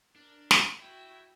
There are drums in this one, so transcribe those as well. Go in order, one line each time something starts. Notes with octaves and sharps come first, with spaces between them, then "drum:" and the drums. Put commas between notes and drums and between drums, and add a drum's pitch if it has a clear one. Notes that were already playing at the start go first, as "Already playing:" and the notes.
D4 A#4
drum: snare
E4 F#4 G5